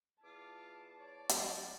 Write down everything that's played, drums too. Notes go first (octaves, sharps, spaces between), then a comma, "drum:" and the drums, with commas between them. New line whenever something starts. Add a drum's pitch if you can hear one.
E2 F4 A5 D6
C#5 D5
F#3, drum: hi-hat